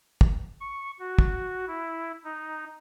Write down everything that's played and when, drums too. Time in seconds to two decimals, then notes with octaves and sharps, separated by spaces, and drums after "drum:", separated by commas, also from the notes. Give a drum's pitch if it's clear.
0.21 drum: kick
0.61 C#6
0.99 F#4
1.18 drum: kick
1.67 E4
2.24 D#4